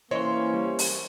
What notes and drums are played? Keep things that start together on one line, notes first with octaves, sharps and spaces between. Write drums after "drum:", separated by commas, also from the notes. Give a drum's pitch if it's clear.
E3 A#3 C4 C#4 C#5 D#5 C6
G3
drum: open hi-hat